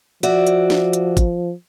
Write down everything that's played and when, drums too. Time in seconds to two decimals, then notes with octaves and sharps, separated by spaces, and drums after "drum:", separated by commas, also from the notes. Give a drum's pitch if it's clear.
0.23 F3 F#4 D5 E5, drum: hi-hat
0.47 drum: hi-hat
0.70 drum: snare
0.93 drum: hi-hat
1.17 drum: kick, hi-hat